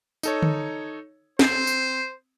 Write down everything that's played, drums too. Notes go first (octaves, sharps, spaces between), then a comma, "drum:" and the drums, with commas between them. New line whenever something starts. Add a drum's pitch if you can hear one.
D#4 A4 C#5, drum: tambourine
drum: tom D3
C4 C5, drum: snare
drum: tambourine